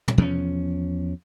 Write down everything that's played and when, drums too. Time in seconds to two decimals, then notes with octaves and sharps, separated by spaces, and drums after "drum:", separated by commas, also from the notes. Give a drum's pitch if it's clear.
0.08 drum: tom
0.18 E2 F3 A3 C#4